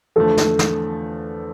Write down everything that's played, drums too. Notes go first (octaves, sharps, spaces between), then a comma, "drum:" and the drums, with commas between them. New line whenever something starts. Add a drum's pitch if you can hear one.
E2 D3 F3 A3 A4
drum: snare
drum: snare